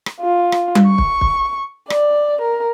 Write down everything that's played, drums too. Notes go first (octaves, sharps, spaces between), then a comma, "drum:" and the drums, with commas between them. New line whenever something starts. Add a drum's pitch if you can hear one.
drum: rim click
F4
drum: rim click
drum: tom G3
C#6
drum: kick
drum: kick
D5, drum: rim click
A#4